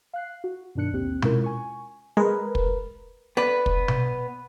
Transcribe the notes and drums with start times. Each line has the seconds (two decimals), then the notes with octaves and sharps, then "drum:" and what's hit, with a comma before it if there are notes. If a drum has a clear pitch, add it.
0.13 F5 F#6 C7
0.44 F#4
0.75 G2 B2 D#3 D4 F#6 C#7
0.93 A1 D#2 C4 G4 F#6
1.22 G#3 C#4 E4 F4 A#4, drum: tom B2
1.44 G#5 C#6
2.17 G#3 A#4 B4
2.55 drum: kick
3.37 B3 B4 D5
3.66 drum: kick
3.88 drum: tom B2